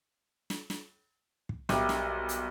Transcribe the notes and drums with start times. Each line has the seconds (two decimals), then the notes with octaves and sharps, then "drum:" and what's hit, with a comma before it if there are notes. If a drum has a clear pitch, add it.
0.50 drum: snare
0.70 drum: snare
1.49 drum: kick
1.69 B1 G3 A#3 E5, drum: snare
1.89 drum: snare
2.29 drum: hi-hat